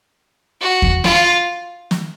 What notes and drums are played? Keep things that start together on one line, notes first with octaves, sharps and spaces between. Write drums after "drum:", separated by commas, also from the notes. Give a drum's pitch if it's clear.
F#4
drum: kick E2
F4, drum: snare
drum: snare